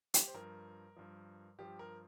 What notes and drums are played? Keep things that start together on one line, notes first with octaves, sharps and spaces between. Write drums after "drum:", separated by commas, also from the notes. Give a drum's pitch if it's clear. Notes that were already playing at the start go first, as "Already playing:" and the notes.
G4, drum: hi-hat
C5
G2 F3 A#4
G2 F3
G2 F3 G4
A#4